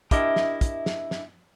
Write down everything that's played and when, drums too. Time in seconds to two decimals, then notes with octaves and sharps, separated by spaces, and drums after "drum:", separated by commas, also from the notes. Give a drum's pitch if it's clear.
0.11 D4 E4 G4 A#4 D#5 E5, drum: kick, hi-hat
0.36 drum: snare
0.61 drum: kick, hi-hat
0.86 drum: snare
1.11 drum: snare